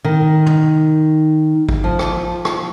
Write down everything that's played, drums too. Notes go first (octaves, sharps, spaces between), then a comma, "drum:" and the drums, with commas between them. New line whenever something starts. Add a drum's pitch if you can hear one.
D#3
drum: tom
drum: kick
F3
drum: rim click
drum: rim click